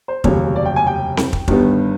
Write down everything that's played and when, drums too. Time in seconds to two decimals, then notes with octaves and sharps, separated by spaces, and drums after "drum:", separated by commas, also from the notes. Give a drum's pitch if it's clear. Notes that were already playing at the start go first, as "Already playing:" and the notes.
0.08 C5
0.24 F1 D#2 C#3 F#3 C#5, drum: kick
0.56 D5
0.65 G5
0.76 G#5
0.87 G5
1.17 drum: snare C4
1.33 drum: kick
1.48 G1 G2 D#3 G3 B3, drum: kick